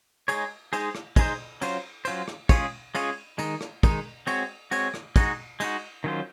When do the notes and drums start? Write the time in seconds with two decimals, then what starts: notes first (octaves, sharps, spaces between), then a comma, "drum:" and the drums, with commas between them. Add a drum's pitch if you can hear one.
0.28 G#3 D#4 G#4 C#5, drum: cymbal
0.73 G#3 D#4 G#4 C5, drum: cymbal
0.95 drum: rim click
1.16 G#3 D#4 G#4 C5, drum: kick, cymbal
1.61 F#3 C#4 F4 C5, drum: cymbal
2.05 F#3 C#4 F4 C5, drum: cymbal
2.28 drum: rim click
2.49 G#3 C#4 F4 G#4 C#5, drum: kick, cymbal
2.95 G#3 C#4 F4 G#4 C#5, drum: cymbal
3.38 D#3 G#3 D#4, drum: cymbal
3.61 drum: rim click
3.83 D#3 G#3 D#4, drum: kick, cymbal
4.27 G#3 C4 F#4 C#5, drum: cymbal
4.71 G#3 C4 F#4 C#5, drum: cymbal
4.94 drum: rim click
5.16 G#3 D#4 F#4, drum: kick, cymbal
5.60 G#3 D#4 F#4, drum: cymbal
6.04 D#3 F#3 C#4 F4 C5